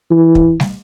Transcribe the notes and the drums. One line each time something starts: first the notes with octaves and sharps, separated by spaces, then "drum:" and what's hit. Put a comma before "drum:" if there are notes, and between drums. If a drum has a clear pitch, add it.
E3
drum: kick
drum: snare